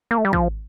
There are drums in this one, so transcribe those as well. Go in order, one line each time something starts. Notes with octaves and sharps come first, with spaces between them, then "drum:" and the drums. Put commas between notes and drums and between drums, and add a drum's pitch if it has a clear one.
A#3
A3
G3
F3, drum: kick